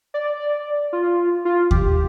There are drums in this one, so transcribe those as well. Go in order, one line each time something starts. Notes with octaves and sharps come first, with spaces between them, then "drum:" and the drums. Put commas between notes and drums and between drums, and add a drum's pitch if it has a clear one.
D5
F4
F4
G4, drum: kick D#2